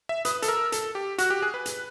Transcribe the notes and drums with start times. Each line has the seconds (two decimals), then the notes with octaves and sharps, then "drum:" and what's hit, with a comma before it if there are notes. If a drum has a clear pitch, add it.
0.09 E5
0.25 B4 D#6, drum: hi-hat
0.42 A4, drum: hi-hat
0.48 A#4 E6
0.72 A4, drum: hi-hat
0.95 G4
1.18 F#4 F#6, drum: hi-hat
1.30 G4
1.42 G#4
1.54 B4
1.66 drum: hi-hat